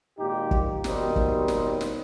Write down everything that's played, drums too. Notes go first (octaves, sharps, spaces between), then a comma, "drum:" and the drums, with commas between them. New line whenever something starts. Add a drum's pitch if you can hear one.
G#1 A#2 D#4 G4
drum: kick
D#2 B2 D#3 G3 C4 D#4, drum: snare
drum: kick
drum: snare
drum: snare